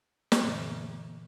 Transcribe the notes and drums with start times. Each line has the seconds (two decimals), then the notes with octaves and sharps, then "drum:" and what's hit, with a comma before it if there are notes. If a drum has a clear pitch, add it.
0.32 drum: snare
0.43 F#2 A#2 D3 E3